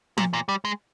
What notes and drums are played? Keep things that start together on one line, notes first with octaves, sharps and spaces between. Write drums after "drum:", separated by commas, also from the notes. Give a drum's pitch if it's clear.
A#2, drum: tom
A#2
G3
G#3